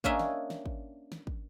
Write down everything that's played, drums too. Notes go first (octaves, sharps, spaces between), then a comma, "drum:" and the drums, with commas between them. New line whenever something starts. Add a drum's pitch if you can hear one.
A#3 C#4 D4 D#5 E5 G#5, drum: kick
drum: snare
drum: snare
drum: kick
drum: snare
drum: kick